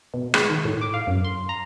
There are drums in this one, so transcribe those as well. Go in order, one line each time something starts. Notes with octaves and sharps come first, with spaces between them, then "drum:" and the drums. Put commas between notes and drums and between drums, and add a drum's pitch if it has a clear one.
B2
G#3, drum: rim click
D#3
A2
D6
F5
F#2
C6
A#5